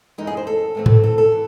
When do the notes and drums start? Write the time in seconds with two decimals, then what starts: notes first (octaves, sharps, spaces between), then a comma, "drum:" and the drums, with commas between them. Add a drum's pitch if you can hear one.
0.18 F#2 E3 G#3 D#4
0.27 G#4
0.37 C5
0.47 A4
0.75 A2 E3 A3 C4
0.86 drum: tom G#2
1.04 A4
1.18 A4
1.32 E3